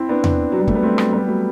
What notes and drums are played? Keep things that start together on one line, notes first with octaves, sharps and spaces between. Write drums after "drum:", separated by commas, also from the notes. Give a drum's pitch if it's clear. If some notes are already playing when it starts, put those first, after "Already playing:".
Already playing: C4 E4
B3 D4
drum: tom E2
F#3
G3
A3, drum: kick
B3
A3 C4
drum: rim click
G3 B3
F#3 A3